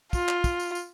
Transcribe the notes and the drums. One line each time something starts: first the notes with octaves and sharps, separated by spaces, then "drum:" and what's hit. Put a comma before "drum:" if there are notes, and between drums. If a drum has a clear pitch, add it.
F4, drum: kick, tambourine
drum: clap
drum: kick, tambourine
drum: tambourine
drum: tambourine